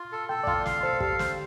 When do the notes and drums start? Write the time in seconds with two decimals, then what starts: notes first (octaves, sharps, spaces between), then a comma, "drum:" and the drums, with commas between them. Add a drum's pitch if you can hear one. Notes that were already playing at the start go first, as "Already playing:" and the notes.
Already playing: F4
0.12 A4
0.29 A4 G5
0.43 D5
0.47 F4 F5, drum: kick
0.66 F5, drum: snare
0.83 A4 C5
1.00 G4 F5, drum: kick
1.19 C5, drum: snare